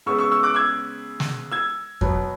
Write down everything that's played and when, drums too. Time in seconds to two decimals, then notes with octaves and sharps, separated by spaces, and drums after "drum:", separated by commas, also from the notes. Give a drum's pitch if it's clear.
0.06 C#3 G#3 B3 C#6 E6
0.19 C#6 E6
0.31 C#6 E6
0.43 D6 F#6
0.55 E6 G#6
1.20 drum: snare
1.52 E6 G#6
2.01 B2 F#3 B3, drum: kick F2